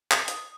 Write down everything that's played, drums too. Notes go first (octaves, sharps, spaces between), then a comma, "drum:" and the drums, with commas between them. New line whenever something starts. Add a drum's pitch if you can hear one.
D#6, drum: clap
drum: hi-hat